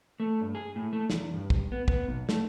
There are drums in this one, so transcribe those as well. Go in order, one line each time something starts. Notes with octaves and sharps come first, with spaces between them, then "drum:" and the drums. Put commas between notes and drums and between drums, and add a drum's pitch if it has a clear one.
A3
G2
G#4
A2
A3
E2, drum: snare
G2
drum: kick
B3
B3, drum: kick
B1
A3, drum: snare